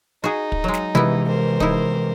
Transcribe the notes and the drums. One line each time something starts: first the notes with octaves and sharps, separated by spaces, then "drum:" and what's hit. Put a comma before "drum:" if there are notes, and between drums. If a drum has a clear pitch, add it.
D#4 F#4 G#4
drum: kick
F#3 G#3
drum: snare
C3 E3 G#3 B3 E4
A#4 C5
D#4 E4, drum: kick